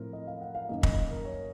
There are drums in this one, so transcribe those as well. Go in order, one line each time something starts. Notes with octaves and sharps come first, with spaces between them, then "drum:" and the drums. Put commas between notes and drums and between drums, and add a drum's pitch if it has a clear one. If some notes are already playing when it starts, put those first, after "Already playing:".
Already playing: A2 F3 C4 A#4
D#5
F5
F#5
F5
F#2 D#3 A#3 D#5
D#5, drum: kick
A#4
C#5